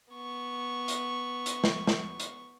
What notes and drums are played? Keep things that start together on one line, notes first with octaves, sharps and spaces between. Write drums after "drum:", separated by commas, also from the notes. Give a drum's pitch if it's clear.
B3 C#6
drum: hi-hat
drum: hi-hat
drum: snare
drum: snare
drum: hi-hat